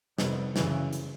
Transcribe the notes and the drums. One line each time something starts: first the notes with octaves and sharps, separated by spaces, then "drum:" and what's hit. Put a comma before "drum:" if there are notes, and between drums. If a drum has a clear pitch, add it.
F2 C3 D#3 G3 B3, drum: snare
F#2 C#3 E3, drum: snare
drum: hi-hat